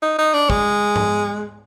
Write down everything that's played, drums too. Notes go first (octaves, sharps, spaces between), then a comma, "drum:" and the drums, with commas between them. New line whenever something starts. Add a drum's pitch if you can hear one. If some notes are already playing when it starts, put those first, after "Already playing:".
D#4
D#4
D4
G#3, drum: kick
drum: tom G#2